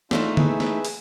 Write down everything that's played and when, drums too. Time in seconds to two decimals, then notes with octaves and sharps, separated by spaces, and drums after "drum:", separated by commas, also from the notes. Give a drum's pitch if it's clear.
0.11 E3 A3 D4 D#4 F4, drum: snare
0.37 G#4 B4 E5, drum: tom D3
0.60 drum: snare
0.85 drum: open hi-hat